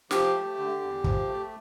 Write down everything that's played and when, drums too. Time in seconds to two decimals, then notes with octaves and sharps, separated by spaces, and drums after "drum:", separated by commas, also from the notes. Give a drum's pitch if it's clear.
0.11 F3 G4, drum: snare
0.34 A3
0.58 D3
0.81 E2
1.04 F3, drum: kick
1.27 A3